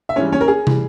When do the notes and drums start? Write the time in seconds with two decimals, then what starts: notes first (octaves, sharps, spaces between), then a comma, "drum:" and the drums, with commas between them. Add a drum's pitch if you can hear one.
0.09 E5
0.16 G#2 E3 G3 C#4 C#5
0.32 C#4 C#5
0.41 A#4
0.48 G#4
0.67 E3 G3, drum: tom